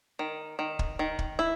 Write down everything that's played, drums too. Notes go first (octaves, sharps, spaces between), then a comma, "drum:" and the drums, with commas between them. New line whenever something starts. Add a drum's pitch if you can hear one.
D#3
D#3
drum: kick
D#3
drum: kick
E4